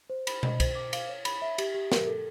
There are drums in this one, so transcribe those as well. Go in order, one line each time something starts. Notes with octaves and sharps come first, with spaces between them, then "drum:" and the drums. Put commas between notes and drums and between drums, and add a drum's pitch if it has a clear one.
C5
B5, drum: cymbal
D#5, drum: tom B2
C5, drum: kick, cymbal
D6
F5, drum: cymbal
C#5
B5, drum: cymbal
E5
G4, drum: cymbal
G4
A#4, drum: snare
A4